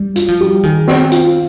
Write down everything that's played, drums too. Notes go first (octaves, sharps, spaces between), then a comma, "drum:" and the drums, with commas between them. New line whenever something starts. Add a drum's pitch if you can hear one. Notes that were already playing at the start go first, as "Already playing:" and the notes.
Already playing: G3
F4, drum: hi-hat
F3
G3
D#3 G#4
C4, drum: snare
F4, drum: hi-hat